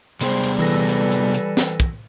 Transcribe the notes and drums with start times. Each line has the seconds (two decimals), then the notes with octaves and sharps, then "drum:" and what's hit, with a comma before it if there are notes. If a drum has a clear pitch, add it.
0.21 C3 G3 B3 G#4 C5 G5 C6, drum: hi-hat
0.44 drum: hi-hat
0.59 E3 A4 B4 G#5 E6 A#6
0.89 drum: hi-hat
1.12 drum: hi-hat
1.34 drum: hi-hat
1.57 drum: snare
1.80 drum: kick, hi-hat